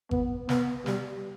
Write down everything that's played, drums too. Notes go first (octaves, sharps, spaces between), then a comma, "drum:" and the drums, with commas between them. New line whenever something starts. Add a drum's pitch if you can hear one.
B3, drum: kick G#1
B3, drum: snare
G3, drum: snare